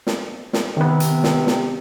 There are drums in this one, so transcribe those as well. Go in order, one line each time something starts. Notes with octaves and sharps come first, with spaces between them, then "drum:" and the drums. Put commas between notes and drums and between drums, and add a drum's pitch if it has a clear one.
drum: snare
drum: snare
C3 D#3 B3
drum: hi-hat
drum: snare
drum: snare